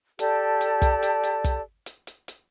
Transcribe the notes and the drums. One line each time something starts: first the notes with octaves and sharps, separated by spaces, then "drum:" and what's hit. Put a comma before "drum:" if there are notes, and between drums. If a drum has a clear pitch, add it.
G4 A4 D5 A5, drum: hi-hat
drum: hi-hat
drum: kick, hi-hat
drum: hi-hat
drum: hi-hat
drum: kick, hi-hat
drum: hi-hat
drum: hi-hat
drum: hi-hat